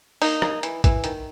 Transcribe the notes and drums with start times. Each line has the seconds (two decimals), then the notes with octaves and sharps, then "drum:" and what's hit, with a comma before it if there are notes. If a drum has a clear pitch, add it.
0.22 A#3 D#4, drum: open hi-hat
0.42 A#3, drum: rim click
0.63 E3, drum: hi-hat
0.84 E3, drum: kick, hi-hat
1.04 D#3, drum: hi-hat